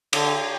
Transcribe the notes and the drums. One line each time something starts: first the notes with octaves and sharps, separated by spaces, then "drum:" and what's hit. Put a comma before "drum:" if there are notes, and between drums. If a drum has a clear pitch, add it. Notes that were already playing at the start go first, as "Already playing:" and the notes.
D3, drum: cymbal